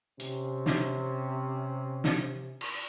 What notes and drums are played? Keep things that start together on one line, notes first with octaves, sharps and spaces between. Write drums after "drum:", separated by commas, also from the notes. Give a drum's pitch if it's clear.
C3 C#4, drum: hi-hat
drum: snare
drum: snare
drum: cymbal